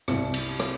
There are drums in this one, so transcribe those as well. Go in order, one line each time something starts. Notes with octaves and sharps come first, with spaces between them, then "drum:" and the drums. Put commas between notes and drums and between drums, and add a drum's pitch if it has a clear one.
C2, drum: rim click
drum: cymbal
drum: rim click